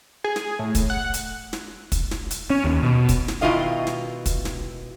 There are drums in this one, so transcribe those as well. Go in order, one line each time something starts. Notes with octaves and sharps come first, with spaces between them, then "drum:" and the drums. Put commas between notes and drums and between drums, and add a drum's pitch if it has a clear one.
G#4
drum: snare
A2
drum: kick, hi-hat
F#5
drum: hi-hat
drum: snare
drum: kick, hi-hat
drum: snare
drum: hi-hat
C#4
D#2
B2
drum: kick, hi-hat
drum: snare
B2 D#3 E4 F4 D#5 F5
drum: snare
drum: kick, hi-hat
drum: snare